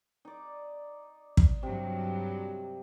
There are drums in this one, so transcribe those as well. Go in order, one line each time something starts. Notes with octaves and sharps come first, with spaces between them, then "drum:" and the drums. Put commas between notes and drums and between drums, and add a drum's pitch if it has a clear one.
D#4 D5
drum: kick
G2 C3 F#3